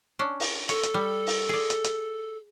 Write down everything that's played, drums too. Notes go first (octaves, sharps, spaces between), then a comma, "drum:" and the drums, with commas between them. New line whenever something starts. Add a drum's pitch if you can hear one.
C#4 D4
drum: open hi-hat
A4 C#5, drum: hi-hat
drum: hi-hat
G3
drum: open hi-hat
G#4 D5
drum: hi-hat
drum: hi-hat